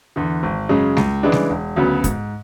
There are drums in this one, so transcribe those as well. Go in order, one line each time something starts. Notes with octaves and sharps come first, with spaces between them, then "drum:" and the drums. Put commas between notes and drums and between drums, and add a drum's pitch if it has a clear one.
E2 D3
G#1
F#2 C#3 G#3
C#2, drum: snare G3
C#3 E3 G#3 D4
drum: snare G3
E1
D2 C#3 F#3 B3
G#2, drum: kick, hi-hat